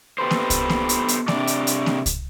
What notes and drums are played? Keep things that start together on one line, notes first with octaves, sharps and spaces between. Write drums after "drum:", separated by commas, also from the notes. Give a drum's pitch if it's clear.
B3 G4 A4 B4 C5
drum: snare A#3
drum: kick C2, hi-hat
drum: snare A#3
drum: hi-hat
drum: hi-hat
C3 D4 D5, drum: snare A#3
drum: hi-hat
drum: hi-hat
drum: snare A#3
drum: kick C2, hi-hat